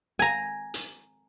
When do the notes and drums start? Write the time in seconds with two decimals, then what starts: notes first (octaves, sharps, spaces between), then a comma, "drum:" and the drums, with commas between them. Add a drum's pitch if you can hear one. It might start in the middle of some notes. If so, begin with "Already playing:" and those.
0.19 G#5 A#5
0.74 drum: hi-hat